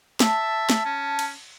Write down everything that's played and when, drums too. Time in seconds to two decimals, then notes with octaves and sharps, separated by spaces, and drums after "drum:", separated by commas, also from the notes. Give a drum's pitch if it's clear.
0.20 E5 A5, drum: snare
0.70 drum: snare
0.85 C#4
1.19 drum: cymbal